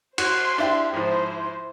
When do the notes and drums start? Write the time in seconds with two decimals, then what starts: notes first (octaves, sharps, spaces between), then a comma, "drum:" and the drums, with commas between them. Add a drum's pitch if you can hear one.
0.18 F#4 C5 C6, drum: cymbal
0.58 D4 E4 G4
0.93 G#2 F3 E4 C5